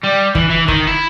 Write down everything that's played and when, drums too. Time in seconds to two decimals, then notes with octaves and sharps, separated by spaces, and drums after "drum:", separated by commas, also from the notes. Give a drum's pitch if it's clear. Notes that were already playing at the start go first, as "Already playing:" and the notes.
0.03 G3
0.35 E3, drum: kick
0.49 E3
0.68 D#3, drum: kick
0.87 E4